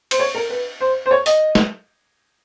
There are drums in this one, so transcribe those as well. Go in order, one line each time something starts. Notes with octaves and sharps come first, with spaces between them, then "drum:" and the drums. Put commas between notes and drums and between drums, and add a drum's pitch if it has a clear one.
C5, drum: cymbal
C#5
A#4
B4
C5
C5
C#5
D#5, drum: open hi-hat
drum: snare